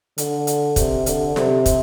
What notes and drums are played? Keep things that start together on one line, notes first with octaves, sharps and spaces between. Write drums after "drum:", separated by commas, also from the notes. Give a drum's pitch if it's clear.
D3, drum: hi-hat
drum: hi-hat
C3, drum: kick, hi-hat
D3, drum: hi-hat
C3, drum: snare
drum: kick, hi-hat